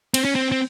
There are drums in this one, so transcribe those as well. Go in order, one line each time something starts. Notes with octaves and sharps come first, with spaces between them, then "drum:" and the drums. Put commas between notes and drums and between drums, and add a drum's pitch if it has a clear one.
C4, drum: cymbal
C#4
C4
C4